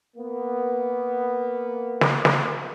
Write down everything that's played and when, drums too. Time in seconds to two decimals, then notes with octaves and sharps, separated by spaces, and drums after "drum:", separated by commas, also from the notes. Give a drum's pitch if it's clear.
0.17 A#3 B3
2.01 drum: snare
2.25 drum: snare